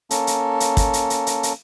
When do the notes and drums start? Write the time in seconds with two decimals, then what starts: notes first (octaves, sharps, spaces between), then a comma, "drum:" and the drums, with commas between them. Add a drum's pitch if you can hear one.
0.11 A#3 C#4 A4, drum: hi-hat
0.27 drum: hi-hat
0.60 drum: hi-hat
0.77 drum: kick, hi-hat
0.93 drum: hi-hat
1.10 drum: hi-hat
1.27 drum: hi-hat
1.43 drum: hi-hat